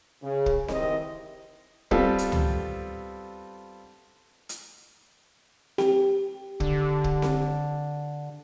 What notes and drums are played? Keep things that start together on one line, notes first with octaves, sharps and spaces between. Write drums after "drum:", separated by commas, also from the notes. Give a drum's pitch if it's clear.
C#3
drum: kick
D#3 E3 C4 E4 G4 D#5, drum: snare C4
G3 B3 C4 F4 A4, drum: kick
drum: hi-hat
drum: tom C#2
drum: hi-hat
G4, drum: snare C4
D3, drum: kick
drum: kick
drum: snare C4